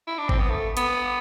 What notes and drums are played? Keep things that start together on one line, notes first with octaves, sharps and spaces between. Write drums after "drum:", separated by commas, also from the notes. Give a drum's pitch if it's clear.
E4
D4
C4, drum: kick G#1
B3
A3
B3, drum: hi-hat